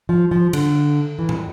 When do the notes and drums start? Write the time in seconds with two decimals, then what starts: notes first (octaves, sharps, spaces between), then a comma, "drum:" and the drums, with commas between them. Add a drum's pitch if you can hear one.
0.09 F3
0.31 F3
0.53 D3, drum: cymbal
1.19 E3
1.29 drum: tom A2